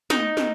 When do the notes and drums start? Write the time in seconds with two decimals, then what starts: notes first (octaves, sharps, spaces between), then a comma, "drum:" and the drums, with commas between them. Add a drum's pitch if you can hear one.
0.10 D#4, drum: snare
0.37 drum: snare